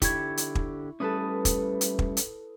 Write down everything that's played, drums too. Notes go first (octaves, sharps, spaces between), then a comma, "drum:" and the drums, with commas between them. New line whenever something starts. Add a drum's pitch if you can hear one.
D3 E4 G4 C#6 G#6, drum: kick, hi-hat
drum: hi-hat
drum: kick
G3 A3 C#4 A4 B4 D#6
drum: kick, hi-hat
drum: hi-hat
drum: kick
drum: hi-hat